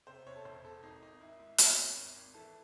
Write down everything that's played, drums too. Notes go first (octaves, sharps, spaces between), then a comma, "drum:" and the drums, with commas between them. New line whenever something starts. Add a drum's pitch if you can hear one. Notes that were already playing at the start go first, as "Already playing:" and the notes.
C3 C5
C3 C#5
A4
E1 C5
E1 A4
G#1 D#4
G#1 D#4
G#1 E4
G#2 E4
F#2 C#5, drum: hi-hat
G#1
G#1
G#1
E3 A4